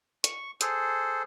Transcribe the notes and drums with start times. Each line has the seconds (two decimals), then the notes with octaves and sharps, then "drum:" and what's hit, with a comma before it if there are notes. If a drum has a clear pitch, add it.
0.24 C#6, drum: hi-hat
0.61 G#4 A4 C5, drum: hi-hat